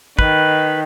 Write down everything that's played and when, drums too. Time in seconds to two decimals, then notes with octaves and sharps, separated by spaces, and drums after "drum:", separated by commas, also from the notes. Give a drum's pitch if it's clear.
0.19 D#3 B4, drum: kick